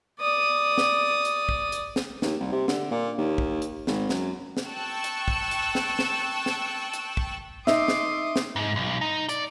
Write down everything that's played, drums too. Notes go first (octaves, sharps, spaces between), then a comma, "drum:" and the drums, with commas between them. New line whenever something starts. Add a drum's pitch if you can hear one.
D5 D#6
drum: snare
drum: hi-hat
drum: kick
drum: hi-hat
drum: snare
D#2, drum: snare
C2
C3
D3, drum: snare
A#2
D#2
drum: kick
drum: hi-hat
G#1, drum: snare
F#2, drum: snare
drum: snare
G5 A5 C#6 E6 F#6
drum: hi-hat
drum: kick
drum: hi-hat
drum: snare
drum: snare
drum: snare
drum: hi-hat
drum: kick
D#4 E5 C6 D6 D#6, drum: snare
drum: snare
drum: snare
G#2
B1
D#4
D5, drum: hi-hat